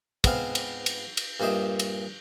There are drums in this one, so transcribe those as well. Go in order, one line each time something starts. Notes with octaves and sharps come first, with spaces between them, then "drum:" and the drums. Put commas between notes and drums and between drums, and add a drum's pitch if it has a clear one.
G#2 B3 C4 F5, drum: kick, cymbal
drum: cymbal
drum: cymbal
drum: cymbal
G2 A#2 C5 D#5 E5
drum: cymbal